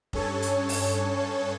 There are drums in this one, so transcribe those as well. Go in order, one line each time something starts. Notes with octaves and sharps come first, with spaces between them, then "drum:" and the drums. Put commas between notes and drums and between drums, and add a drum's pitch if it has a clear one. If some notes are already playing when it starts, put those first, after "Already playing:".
G2 C#4 A4 C#5 A5, drum: kick F1
drum: hi-hat
drum: open hi-hat